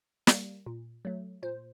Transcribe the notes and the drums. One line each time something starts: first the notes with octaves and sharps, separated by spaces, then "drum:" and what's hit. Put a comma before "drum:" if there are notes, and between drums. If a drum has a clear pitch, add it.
G3 A#3, drum: snare
A#2
F#3 A3
A#2 C5